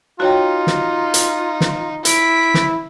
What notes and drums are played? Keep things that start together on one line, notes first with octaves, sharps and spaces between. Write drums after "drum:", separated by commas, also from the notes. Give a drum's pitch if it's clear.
D#4 F4 F#4 C#5 G5
drum: snare
drum: hi-hat
drum: snare
E4 B6 D7, drum: hi-hat
drum: snare